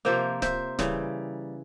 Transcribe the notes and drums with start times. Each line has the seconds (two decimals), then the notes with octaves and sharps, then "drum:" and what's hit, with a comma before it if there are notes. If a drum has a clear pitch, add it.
0.05 C3 F3 A#3 C5 E5
0.42 C5 E5, drum: snare D1
0.79 C#3 E3 G3, drum: snare D1